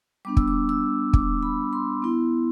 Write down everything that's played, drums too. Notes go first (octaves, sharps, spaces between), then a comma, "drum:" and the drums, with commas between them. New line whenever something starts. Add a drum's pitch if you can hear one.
G3 B3 D4 D6
E6, drum: kick
D6
E6
D6, drum: kick
B5
C6
B3 E4